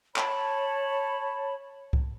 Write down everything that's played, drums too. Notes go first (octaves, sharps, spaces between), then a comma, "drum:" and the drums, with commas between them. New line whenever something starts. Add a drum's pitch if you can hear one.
C#5 A5 B5, drum: clap
drum: kick C2